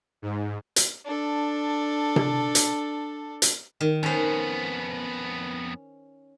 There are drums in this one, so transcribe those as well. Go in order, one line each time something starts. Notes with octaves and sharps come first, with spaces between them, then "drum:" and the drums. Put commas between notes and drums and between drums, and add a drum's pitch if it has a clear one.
G#2
drum: hi-hat
D4 A4
drum: tom C3
drum: hi-hat
drum: hi-hat
D#3
F2 B3 C#4 C5